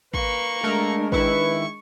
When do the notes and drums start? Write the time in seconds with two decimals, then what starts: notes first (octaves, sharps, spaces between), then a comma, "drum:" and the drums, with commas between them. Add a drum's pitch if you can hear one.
0.14 A#3 B4 C#6, drum: kick
0.64 G#3 A3 D4 A#4
1.12 D#3 E4 B4 C#6, drum: kick